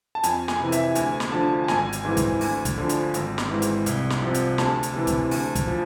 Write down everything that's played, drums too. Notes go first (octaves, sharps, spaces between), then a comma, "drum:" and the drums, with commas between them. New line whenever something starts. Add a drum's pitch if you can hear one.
A5
F2 G#5, drum: hi-hat
G#5, drum: snare
C3 E3
E5, drum: hi-hat
D2 G#5, drum: hi-hat
drum: snare
D3 F3 A5
A5
G#1 G#5, drum: snare
drum: hi-hat
G#2 E3
drum: kick, hi-hat
D2, drum: open hi-hat
drum: kick, hi-hat
D3 F3
drum: hi-hat
G#1, drum: hi-hat
drum: snare
G#2 E3
drum: hi-hat
C2, drum: hi-hat
drum: snare
C3 F3
drum: hi-hat
D2 A5, drum: snare
drum: hi-hat
C3 E3
drum: kick, hi-hat
D2, drum: open hi-hat
drum: kick, hi-hat
F3